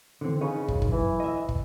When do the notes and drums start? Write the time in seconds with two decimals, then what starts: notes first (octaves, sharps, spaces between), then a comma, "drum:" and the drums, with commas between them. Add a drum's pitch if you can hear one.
0.21 D3 E3 C4
0.41 C#3 D#4 B4 C#5
0.68 C2 F#2, drum: kick
0.82 drum: kick
0.91 E3
1.20 D#5 E5
1.49 drum: kick